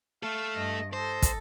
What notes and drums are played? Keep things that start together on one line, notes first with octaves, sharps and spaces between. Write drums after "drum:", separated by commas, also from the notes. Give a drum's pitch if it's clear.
A3 A4 F5
G2 D#5
A4 C5 D#5
drum: kick, hi-hat